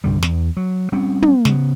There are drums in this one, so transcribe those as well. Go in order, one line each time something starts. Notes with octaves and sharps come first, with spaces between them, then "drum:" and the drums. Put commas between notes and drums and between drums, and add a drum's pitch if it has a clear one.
C2 G2 D3 G3
E2, drum: snare
F#3
G3 C4 C#4
drum: tom
C#3 B3, drum: snare